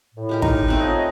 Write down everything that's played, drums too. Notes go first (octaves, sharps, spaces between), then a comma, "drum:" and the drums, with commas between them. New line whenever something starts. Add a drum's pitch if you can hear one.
A2
G#3 G4 A#4
D#4, drum: kick
A3 C4 B4
F4 C#5 D#5